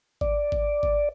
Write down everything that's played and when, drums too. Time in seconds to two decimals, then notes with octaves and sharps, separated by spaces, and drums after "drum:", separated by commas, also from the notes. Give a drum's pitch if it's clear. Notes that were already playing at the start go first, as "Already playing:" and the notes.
0.21 D5, drum: kick G#1
0.52 drum: kick G#1
0.83 drum: kick G#1